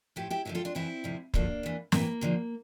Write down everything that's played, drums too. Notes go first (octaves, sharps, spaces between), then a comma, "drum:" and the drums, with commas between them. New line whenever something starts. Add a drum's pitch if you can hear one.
A2 F3 E4 G4
E4 G4
G2 D3 F3 E4 G4
F4 A4
D4 F4
F2 E3 C4 E4
D2 C3 F3
D2 D3 F3 A#3 D4, drum: kick
E2 E3
A2 E3 A#3, drum: snare
E2 D3 F3